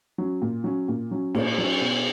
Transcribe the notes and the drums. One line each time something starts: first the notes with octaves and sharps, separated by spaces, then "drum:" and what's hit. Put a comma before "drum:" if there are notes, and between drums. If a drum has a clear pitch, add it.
F#3 C#4
A#2
F#3 C#4
A#2
F#3 C#4
A#2, drum: cymbal
F#3 C#4
B2